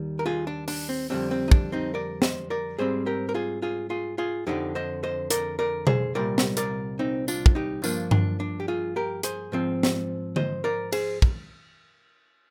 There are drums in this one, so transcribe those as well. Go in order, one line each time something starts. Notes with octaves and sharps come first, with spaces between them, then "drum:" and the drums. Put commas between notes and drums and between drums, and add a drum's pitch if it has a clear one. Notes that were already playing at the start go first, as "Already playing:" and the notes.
Already playing: D#2 D#3 G3
A#4
F4 G#4
D4
D4, drum: open hi-hat
C4
F2 D3 G3 C4 D4
C4
D#4
D4, drum: kick
C4 D#4
A#4 D5
C5 D#5, drum: snare
A#4 D5
G#2 G3 C4 G#4 C5
G4 A#4
A#4
F4 G#4
F4 G#4
F4 G#4
F4 G#4
F2 D3 F3 D#4 G4
C5 D#5
C5 D#5
A#4 D5, drum: hi-hat
A#4 D5
G#4 C5, drum: tom B2
C2 A#2 G3 A#4 D5
drum: snare
A#4 D5, drum: hi-hat
C4 D#4
D4 F4, drum: tambourine
drum: kick
D#4 G4
G2 F3 A#3 D4 F4, drum: tambourine
D4, drum: tom G2
D4
G4
F4 G#4
G4 A#4
G#4 C5, drum: hi-hat
G#2 F3 C4
drum: snare
C5 D#5, drum: tom D3
A#4 D5
G#4 C5, drum: cymbal
drum: kick